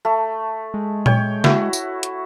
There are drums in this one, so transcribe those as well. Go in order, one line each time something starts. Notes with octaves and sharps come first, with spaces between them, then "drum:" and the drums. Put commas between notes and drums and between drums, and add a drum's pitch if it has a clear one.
A3
G#3
C#5 G5, drum: tom A#2
E4 F#4, drum: snare
drum: tambourine
drum: hi-hat